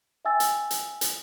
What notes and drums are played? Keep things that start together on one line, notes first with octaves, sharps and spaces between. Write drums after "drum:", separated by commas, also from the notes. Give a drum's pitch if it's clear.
E5 G5 G#5 E6 A6
drum: hi-hat
drum: hi-hat
drum: hi-hat